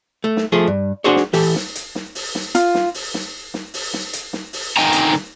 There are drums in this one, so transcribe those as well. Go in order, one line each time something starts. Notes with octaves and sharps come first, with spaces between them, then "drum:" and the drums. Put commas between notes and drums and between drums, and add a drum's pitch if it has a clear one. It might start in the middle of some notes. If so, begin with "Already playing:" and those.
A3
drum: snare
F3 A3 G#4
G2
D4 F#4 G#4 C5 C#5
drum: snare
E3 G4 A4, drum: open hi-hat
drum: snare
drum: hi-hat
drum: snare
drum: open hi-hat
drum: snare
F4, drum: hi-hat
drum: snare
drum: open hi-hat
drum: snare
drum: snare
drum: open hi-hat
drum: snare
drum: hi-hat
drum: snare
drum: open hi-hat
D3 D#4 D#5 G5 G#5 A#5
drum: hi-hat
drum: snare